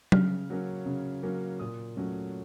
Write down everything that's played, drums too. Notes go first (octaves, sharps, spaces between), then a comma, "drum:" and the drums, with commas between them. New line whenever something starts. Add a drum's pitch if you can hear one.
C#3 F6, drum: tom F#3
F#3 A#3 C#4
C#3
F#3 A#3 C#4
A#2 D#6
F#3 A3 C#4